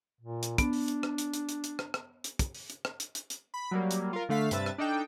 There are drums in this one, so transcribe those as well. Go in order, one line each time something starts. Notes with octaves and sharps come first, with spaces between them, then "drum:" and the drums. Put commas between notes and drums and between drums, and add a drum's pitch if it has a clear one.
A#2
drum: hi-hat
B3 D4, drum: kick, hi-hat
drum: open hi-hat
drum: hi-hat
drum: rim click
drum: hi-hat
drum: hi-hat
drum: hi-hat
drum: hi-hat
drum: rim click
drum: rim click
drum: hi-hat
drum: kick, hi-hat
drum: open hi-hat
drum: hi-hat
drum: rim click
drum: hi-hat
drum: hi-hat
drum: hi-hat
B5
F#3 G3 A#3
drum: hi-hat
F4 A#4
D3 A3 F5 B6
G2 C3 B4 E5 A6, drum: hi-hat
drum: rim click
D4 D#4 A4 G5